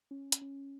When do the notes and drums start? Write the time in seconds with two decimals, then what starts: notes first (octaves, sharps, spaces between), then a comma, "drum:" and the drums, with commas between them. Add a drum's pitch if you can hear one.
0.11 C#4
0.32 drum: hi-hat
0.42 C#4